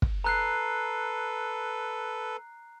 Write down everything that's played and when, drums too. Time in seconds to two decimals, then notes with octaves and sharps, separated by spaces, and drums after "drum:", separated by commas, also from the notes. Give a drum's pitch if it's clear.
0.02 drum: kick
0.24 A4 B4 A#5 F#6 C7